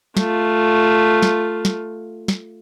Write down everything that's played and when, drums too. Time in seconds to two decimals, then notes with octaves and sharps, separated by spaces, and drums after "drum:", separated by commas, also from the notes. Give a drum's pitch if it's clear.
0.17 A3 F4, drum: snare
1.22 drum: snare
1.65 drum: snare
2.28 drum: snare